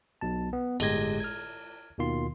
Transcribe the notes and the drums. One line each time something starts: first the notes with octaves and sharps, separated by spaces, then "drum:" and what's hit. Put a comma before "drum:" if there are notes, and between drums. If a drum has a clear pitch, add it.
B1 B2 A5
B3
G1 A2 G#3 G4 G#6 A#6, drum: cymbal
F6 G#6
D#2 B2 D#3 F4 C6